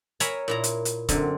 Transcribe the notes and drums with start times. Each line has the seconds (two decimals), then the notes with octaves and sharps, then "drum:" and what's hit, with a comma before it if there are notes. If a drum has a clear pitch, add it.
0.20 A#4 C#5 E5 G#5 A#5 B5, drum: hi-hat
0.48 A#2 E4 A#5
0.64 drum: hi-hat
0.85 drum: hi-hat
1.09 F#2 D3 C4, drum: kick, hi-hat